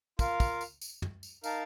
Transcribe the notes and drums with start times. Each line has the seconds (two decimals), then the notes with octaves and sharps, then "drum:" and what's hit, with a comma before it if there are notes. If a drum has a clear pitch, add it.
0.19 F4 A#4 F5, drum: kick, tambourine
0.40 drum: kick, tambourine
0.61 drum: tambourine
0.81 drum: tambourine
1.02 drum: tom
1.23 drum: tambourine
1.44 D#4 A#4 F5 A5, drum: tambourine